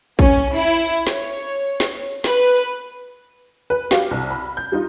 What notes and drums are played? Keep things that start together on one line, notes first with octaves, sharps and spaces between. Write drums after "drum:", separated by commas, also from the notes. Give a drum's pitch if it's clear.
C#4, drum: kick
E4
C#5, drum: snare
drum: snare
B4, drum: snare
B4
F#3 G4 F5, drum: snare
C2
B5
G6
G3 D#4 F4